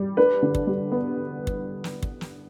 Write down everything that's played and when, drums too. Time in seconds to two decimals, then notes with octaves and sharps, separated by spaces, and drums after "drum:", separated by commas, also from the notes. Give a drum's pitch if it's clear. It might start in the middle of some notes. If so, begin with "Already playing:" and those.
Already playing: G3
0.17 D4 B4
0.43 D3
0.55 drum: kick
0.67 G3
0.92 B3
1.47 drum: kick
1.84 drum: snare
2.03 drum: kick
2.21 drum: snare